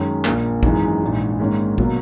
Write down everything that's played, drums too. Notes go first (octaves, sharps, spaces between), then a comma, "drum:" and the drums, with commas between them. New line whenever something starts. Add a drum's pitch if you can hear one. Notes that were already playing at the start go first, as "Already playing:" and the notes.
Already playing: F#2 D#3 G#3 C#4
A#1 A#2 A#3, drum: clap
G#1 F#2 E3 G#3 D#4, drum: kick A1
A#1 G#2 E3
G#2 D#3 A#3 C#4
B2 F#3 A#3, drum: kick A1